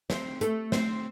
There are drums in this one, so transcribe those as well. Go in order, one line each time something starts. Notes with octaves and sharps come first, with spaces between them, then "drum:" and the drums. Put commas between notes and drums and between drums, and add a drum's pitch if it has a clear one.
C4 C5, drum: snare
A3 A4, drum: hi-hat
C4 C5, drum: snare